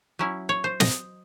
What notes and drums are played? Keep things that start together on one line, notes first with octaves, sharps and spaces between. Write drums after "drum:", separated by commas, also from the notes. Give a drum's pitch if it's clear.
F#3 C#4 E4
C#5
C5
D#5, drum: snare